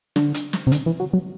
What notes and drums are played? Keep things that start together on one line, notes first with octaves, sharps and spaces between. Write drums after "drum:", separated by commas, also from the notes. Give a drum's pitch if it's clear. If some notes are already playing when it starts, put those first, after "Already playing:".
D3, drum: snare
drum: hi-hat
drum: snare
C3
D3, drum: hi-hat
E3
F#3
F#3